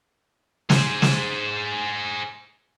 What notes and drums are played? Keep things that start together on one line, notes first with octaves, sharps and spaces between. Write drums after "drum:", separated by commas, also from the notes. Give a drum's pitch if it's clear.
G#4 C5, drum: snare
drum: snare